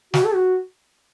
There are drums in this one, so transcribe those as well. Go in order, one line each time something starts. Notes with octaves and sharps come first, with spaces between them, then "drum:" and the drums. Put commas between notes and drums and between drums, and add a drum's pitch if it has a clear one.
F#4, drum: snare
A4
F#4